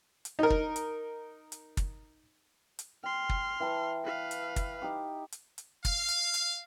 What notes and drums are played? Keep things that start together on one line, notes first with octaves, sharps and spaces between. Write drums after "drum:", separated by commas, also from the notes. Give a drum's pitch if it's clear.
drum: hi-hat
D#4 A#4
drum: kick
drum: hi-hat
drum: hi-hat
drum: kick, hi-hat
drum: hi-hat
G5 C6 F6
drum: kick
E3 G5 A5
B4 F5
drum: hi-hat
drum: kick, hi-hat
D#4 G4 D6
drum: hi-hat
drum: hi-hat
F5, drum: kick, hi-hat
drum: hi-hat
drum: hi-hat